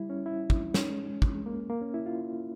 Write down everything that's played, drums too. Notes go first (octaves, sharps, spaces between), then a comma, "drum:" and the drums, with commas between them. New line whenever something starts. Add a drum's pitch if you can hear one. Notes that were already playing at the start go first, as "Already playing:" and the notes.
Already playing: G3 E4
C#4
E4
drum: kick
C#4, drum: snare
G#3
drum: kick
G#3
A#3
A#3
C#4
E4
F4